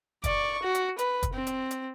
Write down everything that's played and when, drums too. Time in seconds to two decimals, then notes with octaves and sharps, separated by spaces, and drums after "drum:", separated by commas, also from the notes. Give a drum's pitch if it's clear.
0.24 D5 C#6, drum: kick, hi-hat
0.63 F#4
0.75 drum: hi-hat
0.99 B4, drum: hi-hat
1.23 drum: kick, hi-hat
1.34 C4
1.47 drum: hi-hat
1.71 drum: hi-hat